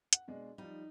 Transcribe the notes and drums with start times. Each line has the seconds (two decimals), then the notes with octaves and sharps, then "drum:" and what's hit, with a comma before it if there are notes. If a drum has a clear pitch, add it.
0.13 F#5, drum: hi-hat
0.28 B2 G#3 D4
0.58 F3 G3 D#4